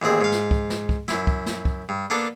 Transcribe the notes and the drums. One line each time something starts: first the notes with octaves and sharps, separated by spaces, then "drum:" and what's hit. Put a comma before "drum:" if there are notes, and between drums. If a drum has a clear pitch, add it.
A1 D#2 C4 G#4
G#2 F5
drum: snare
drum: kick
drum: snare
drum: kick
F#2 E4, drum: snare
drum: kick
drum: snare
drum: kick
G2
A#3 B3 D4 A4